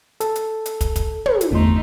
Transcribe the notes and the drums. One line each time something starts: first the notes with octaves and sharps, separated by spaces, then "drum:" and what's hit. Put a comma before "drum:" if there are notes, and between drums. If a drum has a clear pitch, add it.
A4, drum: hi-hat
drum: hi-hat
drum: hi-hat
drum: kick, hi-hat
drum: kick, hi-hat
drum: tom
drum: hi-hat
G1 E2 A3 D#4 C6